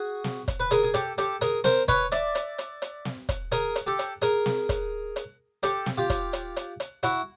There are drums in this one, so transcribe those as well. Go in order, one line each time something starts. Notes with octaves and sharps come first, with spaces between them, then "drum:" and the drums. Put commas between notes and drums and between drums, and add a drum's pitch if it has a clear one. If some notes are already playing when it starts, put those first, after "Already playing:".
Already playing: F#4 G#4
drum: snare
drum: kick, hi-hat
B4
G#4 A#4, drum: hi-hat
G#4
G4 A4, drum: hi-hat
G4 A4, drum: hi-hat
G#4 A#4, drum: hi-hat
A#4 C5, drum: snare
B4 C#5, drum: kick, hi-hat
D5 E5, drum: hi-hat
drum: hi-hat
drum: hi-hat
drum: hi-hat
drum: snare
drum: kick, hi-hat
G#4 A#4, drum: hi-hat
drum: hi-hat
G4 A4
drum: hi-hat
G#4 A#4, drum: hi-hat
drum: snare
drum: kick, hi-hat
drum: hi-hat
G4 A4, drum: hi-hat
drum: snare
F4 G4
drum: kick, hi-hat
drum: hi-hat
drum: hi-hat
drum: hi-hat
E4 F#4, drum: hi-hat